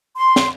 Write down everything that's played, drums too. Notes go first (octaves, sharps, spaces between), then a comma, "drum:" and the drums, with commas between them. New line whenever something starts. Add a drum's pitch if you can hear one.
C6
drum: snare